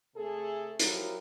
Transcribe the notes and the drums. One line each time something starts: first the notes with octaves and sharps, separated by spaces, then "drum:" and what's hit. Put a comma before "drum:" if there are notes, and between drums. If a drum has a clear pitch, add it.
C3 A3 G#4 A4
F3 F#3 E4 G4 A#4, drum: hi-hat